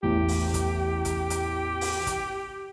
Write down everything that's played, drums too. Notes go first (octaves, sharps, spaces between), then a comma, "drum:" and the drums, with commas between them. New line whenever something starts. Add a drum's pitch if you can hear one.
A1 E2 G4
drum: open hi-hat
drum: kick, hi-hat
drum: kick, hi-hat
drum: hi-hat
drum: open hi-hat
drum: kick, hi-hat